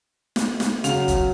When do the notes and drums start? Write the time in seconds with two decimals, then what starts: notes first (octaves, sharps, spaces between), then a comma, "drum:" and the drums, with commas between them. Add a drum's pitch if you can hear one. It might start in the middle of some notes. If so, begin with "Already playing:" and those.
0.36 drum: snare
0.60 drum: snare
0.84 C#3 F#3 F5 F7, drum: hi-hat
1.08 drum: kick, hi-hat